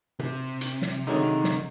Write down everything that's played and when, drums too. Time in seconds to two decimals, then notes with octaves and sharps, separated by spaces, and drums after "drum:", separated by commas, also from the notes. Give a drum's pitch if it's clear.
0.19 C3, drum: tom B2
0.61 drum: hi-hat
0.82 drum: snare
1.07 D3 D#3 F#3 G#3 D#4
1.44 drum: snare